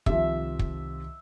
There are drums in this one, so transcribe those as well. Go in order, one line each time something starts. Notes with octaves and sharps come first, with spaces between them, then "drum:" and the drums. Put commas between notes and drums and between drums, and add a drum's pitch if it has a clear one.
C2 C3 D#3 F3 E5, drum: kick
drum: kick